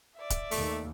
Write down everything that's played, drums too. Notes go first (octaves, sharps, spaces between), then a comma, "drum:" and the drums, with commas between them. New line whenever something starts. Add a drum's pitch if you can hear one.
D5 E5
drum: kick D1, hi-hat
D#2 A3, drum: open hi-hat